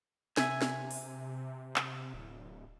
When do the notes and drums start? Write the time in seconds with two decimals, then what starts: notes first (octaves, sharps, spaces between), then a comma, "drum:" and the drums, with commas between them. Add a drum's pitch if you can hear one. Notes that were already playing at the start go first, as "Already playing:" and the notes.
0.37 C3 E5 G#5, drum: snare
0.62 drum: snare
0.91 drum: open hi-hat
1.76 drum: clap
2.14 D1